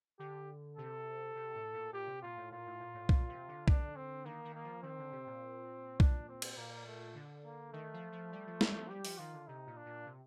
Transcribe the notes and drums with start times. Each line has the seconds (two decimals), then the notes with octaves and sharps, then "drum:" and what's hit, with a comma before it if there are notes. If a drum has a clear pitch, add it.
0.19 D3 G4
0.77 C3 A4
1.35 C3
1.55 A2
1.73 A#2
1.93 A#2 G4
2.07 C3
2.22 A#2 F4
2.37 A2
2.51 A#2 F4
2.66 A2
2.80 A#2
2.94 A2
3.09 A#2, drum: kick B1
3.29 C3
3.48 D3
3.68 D4, drum: kick B1
3.96 C4
4.25 D#3 A#3
4.44 D#3
4.55 A#3
4.64 F3
4.83 D#3 C4
4.98 D3
5.12 C3
5.26 A#2
6.00 D4, drum: kick B1
6.28 C4
6.42 drum: cymbal
6.57 A#2 A#3
6.86 A3
7.15 D3
7.44 A#3
7.73 D#3 A3
7.93 F3
8.12 F3
8.32 G3
8.47 F3
8.61 G3, drum: snare
8.74 F3
8.89 G3 G4
9.05 F3, drum: open hi-hat
9.18 D#3 F4
9.33 D3
9.48 C3 D#4
9.67 A#2
9.77 D4
9.86 A#2
10.06 C3